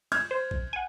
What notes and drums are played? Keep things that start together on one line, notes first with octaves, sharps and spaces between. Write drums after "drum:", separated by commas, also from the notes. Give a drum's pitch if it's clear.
F6 G6 G#6, drum: cymbal
C5
drum: kick
F#5 G#5